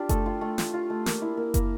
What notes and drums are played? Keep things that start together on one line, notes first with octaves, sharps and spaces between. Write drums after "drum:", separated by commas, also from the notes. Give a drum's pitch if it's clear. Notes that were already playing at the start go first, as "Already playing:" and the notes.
Already playing: D4 F4 G4
A3 A4, drum: kick F#1, hi-hat
F4
A3
F4, drum: snare
F4
A3
A#3, drum: snare
E4
A#3
A#3, drum: kick F#1, hi-hat